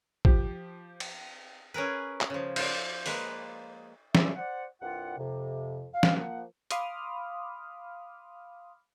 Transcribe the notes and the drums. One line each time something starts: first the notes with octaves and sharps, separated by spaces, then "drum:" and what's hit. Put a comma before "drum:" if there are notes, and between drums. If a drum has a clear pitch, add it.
F3 G4, drum: kick
drum: cymbal
C#4 G#4 A#4 B4
drum: clap
C#3 F3
F4 D5, drum: cymbal
G#3 A#3 B4, drum: open hi-hat
C#4 E4 F4 G#4 D5 E5, drum: snare
C5 D5 F#5
C2 G2 G3 F4 F#5
F2 C3
F5
drum: snare
F3 A#3 F#5
F5 B5 C6 D6 D#6 F6, drum: hi-hat